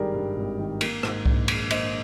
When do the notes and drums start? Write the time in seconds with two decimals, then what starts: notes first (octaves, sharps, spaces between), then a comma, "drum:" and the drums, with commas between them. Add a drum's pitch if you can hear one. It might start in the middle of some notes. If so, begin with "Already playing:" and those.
Already playing: G#1 G2 D#3 G3 G4 G#4 A#4 D5
0.14 G2
0.36 G#1
0.58 D#3
0.81 A#3, drum: cymbal
1.03 G#2, drum: rim click
1.26 A#1, drum: kick C2
1.48 D#3, drum: cymbal
1.70 A#3 C5 D#5, drum: cymbal